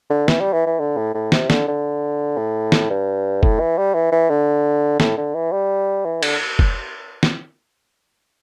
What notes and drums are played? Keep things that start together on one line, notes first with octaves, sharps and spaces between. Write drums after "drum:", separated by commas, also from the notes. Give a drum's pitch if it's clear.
D3
E3, drum: snare
G3
E3
E3
D3
A2
A2
C3, drum: snare
D3, drum: snare
D3
A2
drum: snare
G2
A2, drum: kick F1
E3
G3
E3
E3
D3
A2, drum: snare
D3
E3
G3
E3
D3, drum: cymbal
drum: kick F1
drum: snare